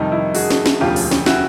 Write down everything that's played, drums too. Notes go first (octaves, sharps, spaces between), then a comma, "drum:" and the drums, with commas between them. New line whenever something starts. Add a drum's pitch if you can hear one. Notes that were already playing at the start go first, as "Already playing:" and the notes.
Already playing: F2 C3 D#3 G3 D#4
E4
F#4 G#4, drum: open hi-hat
drum: snare
drum: snare
E1 D2 C#3 F3 F4 G4
drum: open hi-hat
drum: snare
E4 F#4, drum: snare